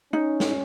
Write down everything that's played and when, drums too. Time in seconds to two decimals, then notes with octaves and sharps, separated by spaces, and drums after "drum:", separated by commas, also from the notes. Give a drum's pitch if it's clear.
0.13 C#4 D#4
0.40 drum: snare